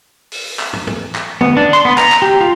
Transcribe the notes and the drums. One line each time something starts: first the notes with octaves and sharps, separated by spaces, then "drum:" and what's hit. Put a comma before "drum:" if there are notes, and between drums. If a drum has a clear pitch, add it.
drum: open hi-hat
drum: clap
drum: tom
drum: tom
drum: clap
B3, drum: tom D3
D4
C6, drum: hi-hat
B3
A#5, drum: clap
drum: clap
G4
F4